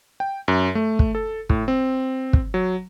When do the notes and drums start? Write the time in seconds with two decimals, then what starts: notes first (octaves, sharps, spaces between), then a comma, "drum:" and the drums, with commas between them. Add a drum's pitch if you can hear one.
0.20 G5
0.48 F#2
0.75 A3
0.99 drum: kick
1.15 A4
1.50 A2, drum: kick
1.68 C4
2.33 drum: kick
2.54 F#3